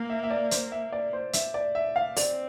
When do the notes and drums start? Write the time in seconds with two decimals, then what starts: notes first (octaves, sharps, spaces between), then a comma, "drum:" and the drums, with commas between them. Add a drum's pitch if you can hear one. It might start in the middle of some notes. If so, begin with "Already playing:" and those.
Already playing: A#3 F5
0.10 E5
0.23 E5
0.31 D5
0.51 C5, drum: hi-hat
0.72 E5
0.92 D5
1.13 C5
1.33 E5, drum: hi-hat
1.54 D5
1.75 E5
1.96 F5
2.16 C4 D5, drum: open hi-hat